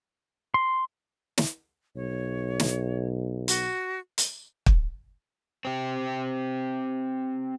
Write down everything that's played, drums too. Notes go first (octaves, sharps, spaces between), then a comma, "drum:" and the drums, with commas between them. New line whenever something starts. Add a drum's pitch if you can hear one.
C6
drum: snare
B1 C#5
drum: snare
F#4, drum: hi-hat
drum: hi-hat
drum: kick
C4 G4